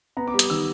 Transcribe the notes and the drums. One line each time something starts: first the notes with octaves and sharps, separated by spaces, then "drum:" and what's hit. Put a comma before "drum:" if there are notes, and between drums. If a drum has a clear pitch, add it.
B3 A#5
D6
G3
D#6, drum: hi-hat
D#3 E6